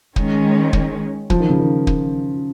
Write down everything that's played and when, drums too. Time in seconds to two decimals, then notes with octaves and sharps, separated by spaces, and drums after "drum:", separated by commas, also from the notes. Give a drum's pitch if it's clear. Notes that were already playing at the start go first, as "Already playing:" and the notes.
0.16 D#3 G#3 C#4, drum: kick
0.73 drum: kick
1.30 F3, drum: kick
1.40 D#3
1.49 C#3
1.60 D#3
1.87 drum: kick